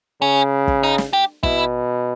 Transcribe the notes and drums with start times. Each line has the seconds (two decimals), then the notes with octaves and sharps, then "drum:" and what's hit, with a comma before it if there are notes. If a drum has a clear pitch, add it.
0.21 C#3 C#4
0.68 drum: kick
0.83 D#4
0.98 drum: snare
1.13 G4
1.43 B2 E4, drum: kick